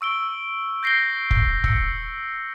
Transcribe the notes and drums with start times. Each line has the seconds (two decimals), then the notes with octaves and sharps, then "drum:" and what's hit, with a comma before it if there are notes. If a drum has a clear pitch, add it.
0.01 C#6 E6 D7 G7
0.83 G6 A#6 C7 D7 G7
1.31 drum: kick
1.64 E6 C#7, drum: kick